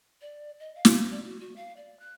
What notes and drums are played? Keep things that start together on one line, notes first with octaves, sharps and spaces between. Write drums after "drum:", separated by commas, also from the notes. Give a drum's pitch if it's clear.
D5
D#5
F5
drum: snare
D5
F#4
F#4
F5
D5
F#6